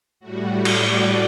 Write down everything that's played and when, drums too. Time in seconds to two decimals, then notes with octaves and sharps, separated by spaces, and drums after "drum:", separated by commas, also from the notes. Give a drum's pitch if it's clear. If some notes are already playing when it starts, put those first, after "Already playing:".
0.20 A2 G3 F#4
0.65 D5, drum: cymbal